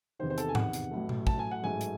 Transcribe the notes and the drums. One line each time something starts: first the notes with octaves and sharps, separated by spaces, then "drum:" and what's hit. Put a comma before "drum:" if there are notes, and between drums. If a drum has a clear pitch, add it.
E2 C3 D#3 C5
C5
A4, drum: hi-hat
G#5
F#5, drum: tom G#2
drum: hi-hat
A1 A2 F#3 A3
drum: tom B2
A5, drum: kick
G#5
F#5
A1 G#2 F#3 A3 G#5
drum: hi-hat